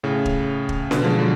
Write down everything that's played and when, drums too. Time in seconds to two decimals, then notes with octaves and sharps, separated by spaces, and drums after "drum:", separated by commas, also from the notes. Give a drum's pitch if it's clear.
0.03 A2 C#3
0.26 drum: kick
0.69 drum: kick
0.91 B2 D3, drum: snare C#4
1.04 F3 G#3
1.19 D3 F#3